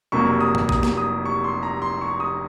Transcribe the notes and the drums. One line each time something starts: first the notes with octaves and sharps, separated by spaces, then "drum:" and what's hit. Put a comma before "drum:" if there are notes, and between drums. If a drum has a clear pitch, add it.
F1 F2 C3 F#3 A#3 C#6
D#6
drum: tom G2
D#6, drum: kick
drum: snare
D#6
C#6
C6
A#5
C6
C#6
D#6